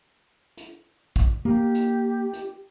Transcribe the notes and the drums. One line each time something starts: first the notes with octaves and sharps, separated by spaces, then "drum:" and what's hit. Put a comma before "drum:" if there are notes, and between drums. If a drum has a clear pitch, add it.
drum: hi-hat
drum: kick, hi-hat
A#3 G4
drum: hi-hat
drum: hi-hat